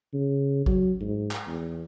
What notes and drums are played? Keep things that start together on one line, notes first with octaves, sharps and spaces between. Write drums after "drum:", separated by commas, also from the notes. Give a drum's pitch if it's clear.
C#3
F#3, drum: kick G#1
G#2
drum: clap
E2